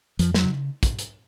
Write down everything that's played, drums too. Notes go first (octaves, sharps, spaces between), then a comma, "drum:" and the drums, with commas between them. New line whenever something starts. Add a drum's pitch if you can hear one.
F2 F3, drum: hi-hat
F#3, drum: snare
C#3
drum: kick, hi-hat
drum: hi-hat